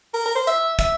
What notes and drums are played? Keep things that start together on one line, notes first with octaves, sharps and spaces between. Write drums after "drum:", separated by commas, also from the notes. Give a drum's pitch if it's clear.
A#4, drum: open hi-hat
A#4
C5
E5, drum: hi-hat
E5, drum: kick, hi-hat